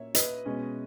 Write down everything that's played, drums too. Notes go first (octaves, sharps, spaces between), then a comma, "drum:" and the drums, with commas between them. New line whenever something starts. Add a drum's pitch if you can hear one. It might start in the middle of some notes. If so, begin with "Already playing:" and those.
Already playing: A#2 A#3 C#4 C#5 E5
B4 D#5, drum: hi-hat
B2 G#3 C#4